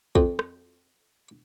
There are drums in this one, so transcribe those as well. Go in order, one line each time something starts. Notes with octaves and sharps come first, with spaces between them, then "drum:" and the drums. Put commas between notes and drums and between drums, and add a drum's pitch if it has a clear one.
F2, drum: kick
drum: rim click